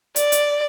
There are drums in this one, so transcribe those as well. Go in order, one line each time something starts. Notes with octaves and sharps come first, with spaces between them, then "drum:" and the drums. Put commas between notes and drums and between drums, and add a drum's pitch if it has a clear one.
D5, drum: hi-hat
drum: hi-hat